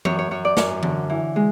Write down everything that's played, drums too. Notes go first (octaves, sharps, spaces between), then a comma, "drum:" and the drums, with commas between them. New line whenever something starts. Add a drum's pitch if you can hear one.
F#2 C#5, drum: tom E3
C#5
F#2 C#5
D5
F#2 C#5, drum: snare
D3, drum: tom E3
E3
G#3